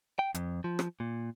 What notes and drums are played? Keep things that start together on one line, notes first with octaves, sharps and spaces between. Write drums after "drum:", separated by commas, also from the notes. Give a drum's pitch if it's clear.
G5
F2, drum: hi-hat
F3
drum: rim click
A#2